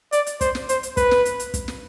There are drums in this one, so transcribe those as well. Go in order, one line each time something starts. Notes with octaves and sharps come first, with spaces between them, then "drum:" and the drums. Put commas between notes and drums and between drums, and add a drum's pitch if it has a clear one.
D5, drum: hi-hat
drum: hi-hat
C5, drum: kick, hi-hat
drum: snare
C5, drum: hi-hat
drum: hi-hat
B4, drum: kick, hi-hat
drum: snare
drum: hi-hat
drum: hi-hat
drum: kick, hi-hat
drum: snare